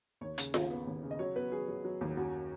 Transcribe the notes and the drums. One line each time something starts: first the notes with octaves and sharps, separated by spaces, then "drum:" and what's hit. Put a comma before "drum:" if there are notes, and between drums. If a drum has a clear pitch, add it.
D#2 C#5
C#3, drum: hi-hat
D#2, drum: snare F4
B3
D#2
C#3
D#5
F#3 C#5
B3 B4
F#3 G#4
F#3
F#3
D#2
F#2 F#4